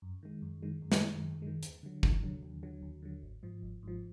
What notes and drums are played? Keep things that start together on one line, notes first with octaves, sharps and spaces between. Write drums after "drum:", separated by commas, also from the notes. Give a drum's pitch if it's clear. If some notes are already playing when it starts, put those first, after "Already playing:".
F#2
D#3 G#3
F#2
D#3 G#3
F#2
drum: snare
D#3 G#3
F#2
D#3 G#3
D#2, drum: hi-hat
D3 F#3
D#2, drum: kick
D3 F#3
D#2
D3 F#3
D#2
D3 F#3
G#1
G#2 F3
G#1
G#2 F3